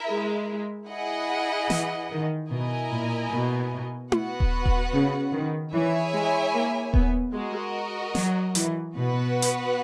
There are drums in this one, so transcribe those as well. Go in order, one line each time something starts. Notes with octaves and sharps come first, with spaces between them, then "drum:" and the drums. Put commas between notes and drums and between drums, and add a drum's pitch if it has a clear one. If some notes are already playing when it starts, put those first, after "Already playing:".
Already playing: E4 A#4 E5
G#3
E4 G#4 D#5 F#5
E3, drum: snare
D#3
B2 E4 A#4 D#5 G#5
A#2
B2
B3 F#4 B4 F#5, drum: tom E4
drum: kick D#1
drum: kick D#1
C#3
D#3
E3 E4 G#4 C#5 E5 G#5
G#3
A#3
B3, drum: kick D#1
G#3 F#4 A#4 D#5
F#3, drum: snare
E3, drum: hi-hat
B2 B3 F#4 B4 F#5
drum: hi-hat